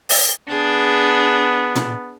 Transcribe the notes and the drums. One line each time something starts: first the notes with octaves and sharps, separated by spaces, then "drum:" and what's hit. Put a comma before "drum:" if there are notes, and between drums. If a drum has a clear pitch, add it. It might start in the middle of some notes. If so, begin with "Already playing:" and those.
drum: open hi-hat
B3 D4 G#4
drum: tom